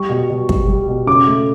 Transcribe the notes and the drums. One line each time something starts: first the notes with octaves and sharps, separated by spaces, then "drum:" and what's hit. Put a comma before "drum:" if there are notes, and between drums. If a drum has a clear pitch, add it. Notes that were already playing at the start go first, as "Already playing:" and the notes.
Already playing: G3 C#6
B2
B2
G3, drum: kick
G3
B2
C#3 D6
A3